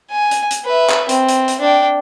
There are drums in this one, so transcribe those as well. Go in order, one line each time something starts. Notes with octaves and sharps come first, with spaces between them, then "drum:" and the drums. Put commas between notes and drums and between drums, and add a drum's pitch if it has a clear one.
G#5
drum: hi-hat
drum: hi-hat
B4 E5
drum: clap
C4, drum: hi-hat
drum: hi-hat
drum: hi-hat
D4 G5